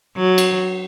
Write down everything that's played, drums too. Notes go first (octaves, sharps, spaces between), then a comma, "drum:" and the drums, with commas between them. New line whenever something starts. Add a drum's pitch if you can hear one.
F#3
drum: cymbal